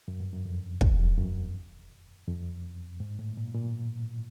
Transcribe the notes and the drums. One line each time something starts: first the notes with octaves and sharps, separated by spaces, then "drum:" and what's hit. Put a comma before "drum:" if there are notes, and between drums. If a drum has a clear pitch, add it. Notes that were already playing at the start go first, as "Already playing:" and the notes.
F#2
G2
F#2
F2
E2, drum: kick
F2
F#2
F2
G#2
A2
A#2
A#2